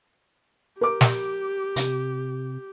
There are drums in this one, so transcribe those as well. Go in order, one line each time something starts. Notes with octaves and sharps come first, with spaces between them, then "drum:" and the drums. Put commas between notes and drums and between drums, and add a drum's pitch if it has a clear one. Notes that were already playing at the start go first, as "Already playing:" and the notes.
G4 A#4 D6
drum: snare
C3, drum: hi-hat